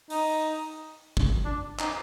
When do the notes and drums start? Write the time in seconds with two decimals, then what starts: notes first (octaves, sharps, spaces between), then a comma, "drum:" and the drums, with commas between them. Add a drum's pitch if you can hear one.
0.10 D#4, drum: open hi-hat
1.17 drum: kick G#1
1.45 D4
1.79 D#4, drum: clap